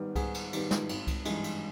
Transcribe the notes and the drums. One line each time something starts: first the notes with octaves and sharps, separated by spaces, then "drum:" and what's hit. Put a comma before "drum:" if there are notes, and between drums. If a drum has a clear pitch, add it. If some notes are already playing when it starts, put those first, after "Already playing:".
Already playing: G#2 D#3 G3 B3
G#2 G#4, drum: kick C2, cymbal
drum: cymbal
D#3 G3 B3, drum: cymbal
drum: snare
G#1, drum: cymbal
drum: kick C2, cymbal
G2 E3 G#3 D#4, drum: cymbal
drum: cymbal